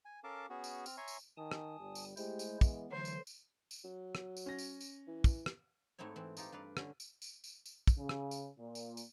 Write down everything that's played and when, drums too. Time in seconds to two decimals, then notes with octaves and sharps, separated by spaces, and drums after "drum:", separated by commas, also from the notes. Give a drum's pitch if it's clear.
0.05 G#5
0.24 C#4 A4 A#4 F5 A5 D6
0.50 B3 C#4 F#4 G#4
0.64 drum: tambourine
0.86 C4 F6, drum: tambourine
0.97 C#5 E5 G#5 A#5 C6 C#6
1.08 drum: tambourine
1.37 D#3 G#5 A5 D#6
1.51 drum: rim click
1.80 G1 G3
1.95 drum: tambourine
2.17 G#3 A3 E4 G4 C5, drum: tambourine
2.39 drum: tambourine
2.61 E3 B3, drum: kick, tambourine
2.92 D3 E3 F#3 A3 C5
3.05 drum: tambourine
3.27 drum: tambourine
3.71 drum: tambourine
3.84 F#3
4.15 drum: rim click
4.37 drum: tambourine
4.46 C#4 A#6
4.59 drum: tambourine
4.80 drum: tambourine
5.07 E3
5.24 drum: kick, tambourine
5.46 drum: rim click
5.99 G#2 A3 C4 E4 C#5
6.16 E3 C4
6.37 A3 D#4 F4 G4, drum: tambourine
6.52 G2 B4 D5 F5
6.77 D3 C#4, drum: rim click
7.00 drum: tambourine
7.22 drum: tambourine
7.44 drum: tambourine
7.66 drum: tambourine
7.87 drum: kick, tambourine
7.97 C#3
8.09 drum: rim click
8.31 drum: tambourine
8.58 A#2
8.75 drum: tambourine
8.97 drum: tambourine